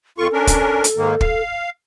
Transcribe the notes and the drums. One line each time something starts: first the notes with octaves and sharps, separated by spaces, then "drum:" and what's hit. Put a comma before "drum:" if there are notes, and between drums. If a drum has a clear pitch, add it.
F2 F4 A4 C#6
C#4 D4 A#4
drum: kick, hi-hat
drum: hi-hat
G#2 D#3 A#3
F5, drum: kick